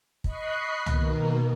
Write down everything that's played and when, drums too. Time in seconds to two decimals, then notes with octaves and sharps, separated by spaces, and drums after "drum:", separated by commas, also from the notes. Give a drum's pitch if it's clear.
0.24 D#5 B5 C#6 F#6 C7, drum: kick
0.86 B2 D#3 A#3, drum: tom